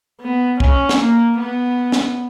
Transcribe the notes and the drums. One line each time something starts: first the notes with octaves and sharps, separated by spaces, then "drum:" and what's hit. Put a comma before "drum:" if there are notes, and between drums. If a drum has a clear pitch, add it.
B3
C#4, drum: kick
drum: snare
A#3
B3
drum: snare